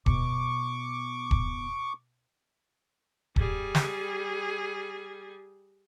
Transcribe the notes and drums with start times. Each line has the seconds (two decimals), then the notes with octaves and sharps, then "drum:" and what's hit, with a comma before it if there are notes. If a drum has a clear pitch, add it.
0.06 B2 C#6 D6, drum: kick
1.31 drum: kick
3.36 G3 G#4, drum: kick
3.75 drum: snare